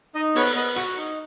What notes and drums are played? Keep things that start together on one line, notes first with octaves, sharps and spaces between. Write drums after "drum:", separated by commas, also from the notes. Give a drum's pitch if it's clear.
D#4 D#5
B3 C#5, drum: open hi-hat
B3 D#5
F#4 F#5, drum: hi-hat
D#4 C#6